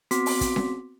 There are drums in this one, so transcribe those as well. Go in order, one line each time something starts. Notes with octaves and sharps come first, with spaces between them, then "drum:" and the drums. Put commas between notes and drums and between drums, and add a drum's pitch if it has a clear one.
B3 C4 F#4 C6 D6 B6, drum: hi-hat
drum: open hi-hat
drum: kick, hi-hat
drum: snare C#4